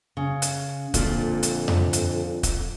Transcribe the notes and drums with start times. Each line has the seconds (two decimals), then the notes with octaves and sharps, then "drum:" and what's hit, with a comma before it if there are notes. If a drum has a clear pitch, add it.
0.17 C#3
0.42 drum: hi-hat
0.94 F2 A#2 D3 F4, drum: kick, hi-hat
1.43 drum: hi-hat
1.68 drum: tom F2
1.93 drum: hi-hat
2.43 drum: kick, hi-hat